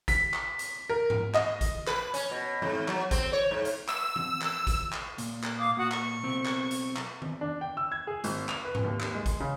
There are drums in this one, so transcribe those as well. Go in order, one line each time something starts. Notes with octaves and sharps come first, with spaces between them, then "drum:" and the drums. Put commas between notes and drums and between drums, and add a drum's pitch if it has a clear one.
B6, drum: kick A1, hi-hat
drum: clap
drum: hi-hat
A#4
drum: tom G#2
D#5, drum: clap
drum: kick A1, hi-hat
B4, drum: clap
C#4, drum: hi-hat
B2
G#2, drum: tom E3
F#3, drum: clap
C4, drum: kick A1, hi-hat
C#5
G#2
drum: hi-hat
E6, drum: clap
drum: tom E3
drum: clap
drum: kick A1, hi-hat
drum: clap
A#2, drum: hi-hat
drum: clap
F5 D6 D#6
A#2 F#4 F#5 D#6
C#6, drum: clap
B1 C4
drum: clap
drum: hi-hat
drum: clap
drum: tom D#3
D4
G5
E6
G#6
G#4
G#1, drum: hi-hat
F7, drum: clap
B4
drum: tom G#2
D#2
drum: clap
G#3
drum: kick A1, hi-hat
C#3